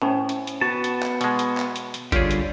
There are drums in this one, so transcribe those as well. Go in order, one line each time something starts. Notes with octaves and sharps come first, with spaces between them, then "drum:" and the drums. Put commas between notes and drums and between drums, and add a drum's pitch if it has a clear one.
A2 C#4 C5
drum: hi-hat
drum: hi-hat
B3 F#4 A5
drum: hi-hat
drum: clap
B2 G#3, drum: hi-hat
drum: hi-hat
drum: clap
drum: hi-hat
drum: hi-hat
D3 G3 F4 G4 G#4 C#5, drum: kick G#1, hi-hat
drum: hi-hat